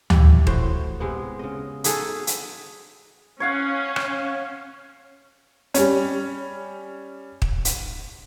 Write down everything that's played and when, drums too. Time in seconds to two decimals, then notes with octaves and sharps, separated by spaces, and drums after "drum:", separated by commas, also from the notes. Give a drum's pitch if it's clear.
0.10 E4 G4, drum: tom D2
0.47 A2 F#4 C5, drum: kick
1.00 C3 G#3 B3
1.39 C#3 D#5
1.84 D#4 F#4 G#4 A4, drum: hi-hat
2.27 drum: hi-hat
3.40 C#4 C#5 F5 F#5
3.96 drum: rim click
5.74 G3 C#4, drum: hi-hat
7.42 drum: kick
7.65 drum: hi-hat